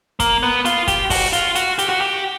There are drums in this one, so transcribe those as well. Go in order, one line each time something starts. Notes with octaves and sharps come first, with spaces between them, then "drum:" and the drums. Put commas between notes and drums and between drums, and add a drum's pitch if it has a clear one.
A#3, drum: kick, hi-hat
B3
F4, drum: hi-hat
G4, drum: kick, hi-hat
F#4, drum: kick, open hi-hat
F4, drum: hi-hat
F#4, drum: hi-hat
G4, drum: hi-hat
F#4
G4